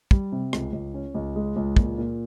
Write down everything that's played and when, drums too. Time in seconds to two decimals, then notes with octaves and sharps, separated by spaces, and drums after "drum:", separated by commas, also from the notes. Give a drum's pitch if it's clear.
0.11 G3, drum: kick
0.32 C3
0.53 C#2, drum: rim click
0.73 C#2
0.94 C#4
1.14 C#2
1.36 G#3
1.56 C#2
1.77 A#2, drum: kick
1.98 A#2